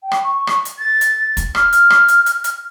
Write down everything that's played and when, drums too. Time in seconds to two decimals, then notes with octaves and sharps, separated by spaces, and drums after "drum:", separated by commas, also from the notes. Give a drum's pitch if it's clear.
0.03 G5
0.12 drum: rim click
0.23 C#6
0.47 drum: rim click
0.65 drum: hi-hat
0.78 A6
1.01 drum: hi-hat
1.37 drum: kick, hi-hat
1.55 F6, drum: rim click
1.73 drum: hi-hat
1.90 drum: rim click
2.08 drum: hi-hat
2.26 drum: hi-hat
2.44 drum: hi-hat